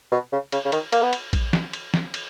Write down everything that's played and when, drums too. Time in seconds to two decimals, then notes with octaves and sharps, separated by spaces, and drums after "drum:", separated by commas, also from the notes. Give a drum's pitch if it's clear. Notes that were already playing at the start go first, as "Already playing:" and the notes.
0.12 B2
0.32 C#3
0.52 C#3, drum: cymbal
0.65 C#3
0.72 D#3, drum: cymbal
0.92 A#3, drum: cymbal
1.02 B3
1.13 drum: cymbal
1.33 drum: kick A1, cymbal
1.53 drum: snare
1.73 drum: cymbal
1.94 drum: snare
2.14 drum: cymbal